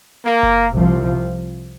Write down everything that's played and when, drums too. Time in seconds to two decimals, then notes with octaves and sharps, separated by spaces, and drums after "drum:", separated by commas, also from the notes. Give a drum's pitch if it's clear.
0.25 A#3
0.43 drum: kick F#1
0.72 C2 C3 F3